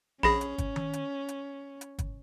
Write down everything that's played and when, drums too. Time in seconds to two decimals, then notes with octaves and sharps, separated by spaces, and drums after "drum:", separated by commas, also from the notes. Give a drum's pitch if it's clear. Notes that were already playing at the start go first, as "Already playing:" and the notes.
0.23 A#1 C#4 G#4 B5 A#6
0.41 drum: hi-hat
0.58 drum: kick, hi-hat
0.76 drum: tom D#3
0.93 drum: hi-hat
1.28 drum: hi-hat
1.81 drum: hi-hat
1.99 drum: kick, hi-hat